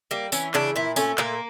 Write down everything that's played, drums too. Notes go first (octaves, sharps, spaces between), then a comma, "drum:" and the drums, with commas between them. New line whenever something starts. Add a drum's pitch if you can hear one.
G3 A#3
E3 C#4, drum: tambourine
C#3 D4, drum: clap
A#2 E4
A3 C#4, drum: tambourine
A#2 A#3, drum: clap